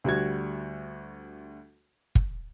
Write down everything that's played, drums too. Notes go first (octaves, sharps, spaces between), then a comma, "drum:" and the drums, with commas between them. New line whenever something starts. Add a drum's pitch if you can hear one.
D2 G3 F#4 G#6
drum: kick